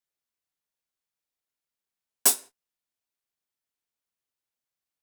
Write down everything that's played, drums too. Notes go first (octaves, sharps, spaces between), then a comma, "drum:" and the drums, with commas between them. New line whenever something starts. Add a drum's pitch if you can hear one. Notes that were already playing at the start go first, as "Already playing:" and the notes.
Already playing: C3 F3 G#3
A5
A#5
A5
G#2 F3 A#3
G#5
D5
D#5
D5
G#4
A4
G#4
A4
G#2 F3 G#3 C#4
drum: hi-hat
A#4
A4
C#5
D5
A5
D2 C3 E3 G#3 B3 G#5
A5
B5
A#5
G#5
F#5
E5
A#2 G3 C4 F5
G5
F#5
G5